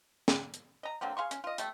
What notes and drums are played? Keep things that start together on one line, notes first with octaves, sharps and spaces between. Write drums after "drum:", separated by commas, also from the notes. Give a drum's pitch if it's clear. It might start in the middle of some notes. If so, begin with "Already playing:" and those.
drum: snare
drum: hi-hat
D#5 A#5
D3 F#3 A#3 C4
G#4 F5 C6 C#6
C#4, drum: hi-hat
F4 D#5
G3 A3, drum: hi-hat